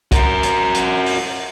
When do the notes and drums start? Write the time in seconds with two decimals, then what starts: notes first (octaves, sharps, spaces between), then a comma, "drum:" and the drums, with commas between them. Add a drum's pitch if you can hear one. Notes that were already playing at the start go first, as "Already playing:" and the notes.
0.12 F#4 A#4, drum: kick, hi-hat
0.43 drum: hi-hat
0.75 drum: hi-hat
1.06 drum: open hi-hat